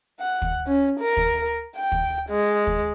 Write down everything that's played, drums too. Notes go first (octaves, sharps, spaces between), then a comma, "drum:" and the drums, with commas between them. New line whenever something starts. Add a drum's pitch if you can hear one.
F#5
drum: kick
C#4
A#4
drum: kick
G5
drum: kick
G#3
drum: kick